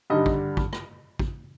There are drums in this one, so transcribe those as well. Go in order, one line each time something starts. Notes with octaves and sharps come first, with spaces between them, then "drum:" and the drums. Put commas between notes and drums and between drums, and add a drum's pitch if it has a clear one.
G2 D3 G3 D#4 D#5
drum: kick
drum: kick
drum: rim click
drum: kick